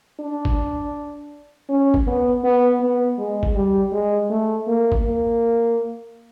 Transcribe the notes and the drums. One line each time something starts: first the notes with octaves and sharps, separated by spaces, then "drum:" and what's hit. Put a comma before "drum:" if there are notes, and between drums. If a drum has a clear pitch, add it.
D4
drum: kick
C#4
drum: kick
B3
B3
B3
G#3
drum: kick
G3
G#3
A3
A#3
drum: kick
A#3